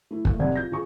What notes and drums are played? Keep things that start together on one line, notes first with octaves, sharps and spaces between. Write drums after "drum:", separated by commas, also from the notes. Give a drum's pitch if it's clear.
A3 E4
A3 A#3, drum: kick
F1 C2 D5 F#5 G#6
F4 G6 A#6
C#3 F4 G#4 C#6